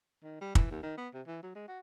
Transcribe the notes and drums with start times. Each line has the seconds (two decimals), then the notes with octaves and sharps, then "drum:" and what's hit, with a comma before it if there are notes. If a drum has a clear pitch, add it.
0.23 D#3
0.41 G3
0.55 E3, drum: kick
0.71 D#2
0.83 D#3
0.98 B3
1.14 C3
1.27 E3
1.43 F#3
1.55 G#3
1.68 F#4